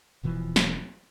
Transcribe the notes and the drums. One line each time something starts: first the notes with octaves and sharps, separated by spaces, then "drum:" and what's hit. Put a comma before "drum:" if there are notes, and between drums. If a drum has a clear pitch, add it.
D#1 B2 E3 F3
drum: snare